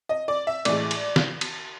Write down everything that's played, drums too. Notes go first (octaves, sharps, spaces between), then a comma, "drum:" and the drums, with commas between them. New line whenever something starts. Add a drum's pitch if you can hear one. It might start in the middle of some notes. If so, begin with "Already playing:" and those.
D#5
D5
E5
A2 E3 G#3 D5, drum: cymbal
drum: cymbal
drum: snare
drum: cymbal